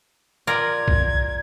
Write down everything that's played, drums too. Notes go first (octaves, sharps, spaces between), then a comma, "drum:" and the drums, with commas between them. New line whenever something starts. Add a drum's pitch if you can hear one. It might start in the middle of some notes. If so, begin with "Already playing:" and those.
F4 A#4 D5 G#6
drum: kick